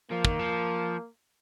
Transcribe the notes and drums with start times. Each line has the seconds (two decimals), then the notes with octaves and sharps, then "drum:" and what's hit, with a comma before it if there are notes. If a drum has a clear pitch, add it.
0.11 F3 A#3
0.25 D#3, drum: kick
0.39 F3